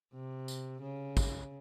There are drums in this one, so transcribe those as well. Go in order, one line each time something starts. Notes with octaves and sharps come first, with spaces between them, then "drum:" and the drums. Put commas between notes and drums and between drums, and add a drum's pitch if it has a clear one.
C3
drum: tambourine
C#3
drum: kick, tambourine